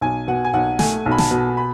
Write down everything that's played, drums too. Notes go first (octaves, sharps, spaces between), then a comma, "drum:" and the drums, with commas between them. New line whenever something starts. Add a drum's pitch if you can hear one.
B1 G#5
B2 F#5
G#5
B1 F#5
A3 G#5, drum: snare
B1
B5
A5, drum: snare
B2
B5